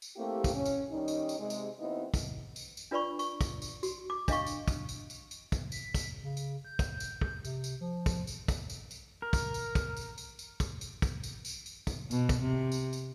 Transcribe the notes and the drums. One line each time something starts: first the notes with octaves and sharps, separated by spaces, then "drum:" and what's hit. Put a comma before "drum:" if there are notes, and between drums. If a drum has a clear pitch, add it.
drum: tambourine
A3 A#3 C4 E4 G4
drum: kick, tambourine
C#4
drum: tambourine
D#3 G3 C#4 D#4
drum: tambourine
drum: tambourine
C3 G#3
drum: tambourine
D#2 B3 C4 D#4 E4 D#5
drum: kick, tambourine
drum: tambourine
drum: tambourine
D4 F4 B4 D5 B5 C#6
C#6, drum: tambourine
drum: kick, tambourine
drum: tambourine
F#4, drum: tambourine
D6
D4 D#5 F5 C#6, drum: kick, tambourine
drum: tambourine
drum: kick, tambourine
drum: tambourine
drum: tambourine
drum: tambourine
drum: kick, tambourine
B6, drum: tambourine
drum: kick, tambourine
C#3
drum: tambourine
G6
drum: kick, tambourine
drum: tambourine
drum: kick
C3, drum: tambourine
drum: tambourine
F3
drum: kick, tambourine
drum: tambourine
drum: kick, tambourine
drum: tambourine
drum: tambourine
A#4
drum: kick, tambourine
drum: tambourine
drum: kick, tambourine
drum: tambourine
drum: tambourine
drum: tambourine
drum: kick, tambourine
drum: tambourine
drum: kick, tambourine
drum: tambourine
drum: tambourine
drum: tambourine
drum: kick, tambourine
B2, drum: tambourine
drum: kick, tambourine
C3
drum: tambourine
drum: tambourine